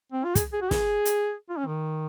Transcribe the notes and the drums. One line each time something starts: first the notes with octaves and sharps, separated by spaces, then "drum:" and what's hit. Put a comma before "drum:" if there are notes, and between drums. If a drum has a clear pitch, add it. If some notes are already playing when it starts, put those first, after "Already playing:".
C4
F4
G#4, drum: kick, hi-hat
G#4
F#4
G#4, drum: snare
drum: hi-hat
F4
C#4
D#3